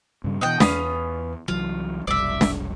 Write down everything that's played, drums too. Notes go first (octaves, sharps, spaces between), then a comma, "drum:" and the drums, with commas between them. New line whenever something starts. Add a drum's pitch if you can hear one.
G2 C#3 G3
B2 E3 D#5 F#5 G5
E2 B3 C#4 F4, drum: snare
C2 E3 F#3 F4
F1 B1 G3 D5 E5
drum: snare